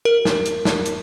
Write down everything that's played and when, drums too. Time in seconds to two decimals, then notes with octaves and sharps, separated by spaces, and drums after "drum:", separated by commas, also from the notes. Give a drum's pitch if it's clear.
0.05 A#4
0.25 drum: snare
0.45 drum: hi-hat
0.65 drum: snare
0.85 drum: hi-hat